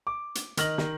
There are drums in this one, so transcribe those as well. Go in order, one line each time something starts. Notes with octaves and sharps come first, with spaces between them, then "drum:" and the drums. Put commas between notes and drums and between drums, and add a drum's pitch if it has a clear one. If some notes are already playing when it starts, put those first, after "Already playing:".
D6
drum: hi-hat
D#3 D#5 F6 A#6 F#7, drum: hi-hat
D#3, drum: snare